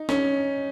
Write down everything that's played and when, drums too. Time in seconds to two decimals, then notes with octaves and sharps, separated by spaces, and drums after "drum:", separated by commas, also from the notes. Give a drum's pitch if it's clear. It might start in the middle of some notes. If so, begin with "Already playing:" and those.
Already playing: D#4
0.09 C#4, drum: snare